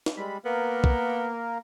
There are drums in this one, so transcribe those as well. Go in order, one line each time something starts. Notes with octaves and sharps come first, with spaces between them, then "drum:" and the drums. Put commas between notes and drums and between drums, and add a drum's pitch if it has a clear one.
drum: snare
G3 G#3 B5
A#3 B3 A#4
drum: kick